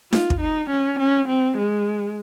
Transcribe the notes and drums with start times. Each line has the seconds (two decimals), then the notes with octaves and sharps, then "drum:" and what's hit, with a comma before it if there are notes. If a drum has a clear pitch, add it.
0.13 F4, drum: snare D#4
0.30 drum: kick
0.41 D#4
0.70 C#4
0.99 C#4
1.28 C4
1.57 G#3